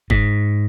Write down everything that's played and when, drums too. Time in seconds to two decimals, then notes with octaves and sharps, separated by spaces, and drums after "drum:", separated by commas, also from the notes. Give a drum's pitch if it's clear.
0.10 G#2, drum: kick F#1